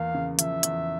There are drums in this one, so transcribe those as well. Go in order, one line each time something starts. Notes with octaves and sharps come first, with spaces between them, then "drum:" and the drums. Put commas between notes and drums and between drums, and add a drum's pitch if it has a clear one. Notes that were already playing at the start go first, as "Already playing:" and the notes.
Already playing: E2 A#3 F5
C#3
F3 E5, drum: hi-hat
E2, drum: hi-hat